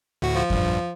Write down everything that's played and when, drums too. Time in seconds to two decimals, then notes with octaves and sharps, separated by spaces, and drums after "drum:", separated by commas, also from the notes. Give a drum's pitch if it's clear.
0.22 D2 A2 F#4
0.35 F3
0.50 A#1 G2, drum: kick F2